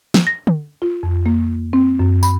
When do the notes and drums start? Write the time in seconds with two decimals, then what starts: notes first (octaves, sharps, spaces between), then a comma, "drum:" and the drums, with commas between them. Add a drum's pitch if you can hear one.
0.14 drum: snare
0.27 A#6
0.47 drum: tom D3
0.82 F4
1.03 F2
1.26 A#3
1.73 C4
1.99 F#2
2.23 B5, drum: tambourine